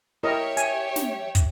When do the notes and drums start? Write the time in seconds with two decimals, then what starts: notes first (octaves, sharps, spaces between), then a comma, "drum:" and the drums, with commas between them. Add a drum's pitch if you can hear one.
0.23 E4 G4 A#4 C#5 D#5 E5
0.57 G#5, drum: hi-hat
0.96 drum: snare
1.35 drum: kick, hi-hat